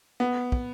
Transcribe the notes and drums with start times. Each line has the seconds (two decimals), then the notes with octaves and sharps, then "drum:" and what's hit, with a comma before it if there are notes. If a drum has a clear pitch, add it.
0.20 B3
0.52 drum: kick